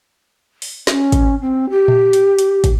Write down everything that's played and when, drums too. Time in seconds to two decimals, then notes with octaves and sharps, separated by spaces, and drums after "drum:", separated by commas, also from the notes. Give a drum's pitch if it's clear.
0.62 drum: open hi-hat
0.87 C#4, drum: snare
1.12 drum: kick, hi-hat
1.41 C4
1.70 G4
1.88 drum: tom A#2
2.13 drum: hi-hat
2.39 drum: hi-hat
2.64 drum: kick, hi-hat